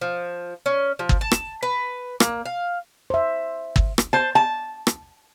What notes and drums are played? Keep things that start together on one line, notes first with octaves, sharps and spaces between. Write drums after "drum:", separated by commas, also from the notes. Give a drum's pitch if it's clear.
F3
C#4
F3
drum: kick
A5
drum: rim click
B4
A#3, drum: rim click
F5
C5 E5
drum: kick
drum: rim click
C5 A5
A5
drum: rim click